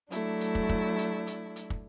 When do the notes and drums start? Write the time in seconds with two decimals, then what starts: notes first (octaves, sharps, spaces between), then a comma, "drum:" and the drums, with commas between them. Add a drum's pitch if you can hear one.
0.12 F#3 A3 D4 E4, drum: hi-hat
0.41 drum: hi-hat
0.55 drum: kick
0.69 drum: kick
0.98 drum: hi-hat
1.27 drum: hi-hat
1.56 drum: hi-hat
1.70 drum: kick